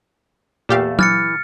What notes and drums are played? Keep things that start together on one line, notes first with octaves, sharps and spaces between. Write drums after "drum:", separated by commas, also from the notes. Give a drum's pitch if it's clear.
E2 A#2 A3 G4 F5 A5
E3 F6 A6 C#7, drum: tom